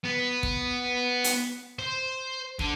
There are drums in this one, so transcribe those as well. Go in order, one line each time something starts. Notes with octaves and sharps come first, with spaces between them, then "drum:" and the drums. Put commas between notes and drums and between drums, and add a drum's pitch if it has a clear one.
B3
drum: kick
drum: hi-hat
C5
D3, drum: kick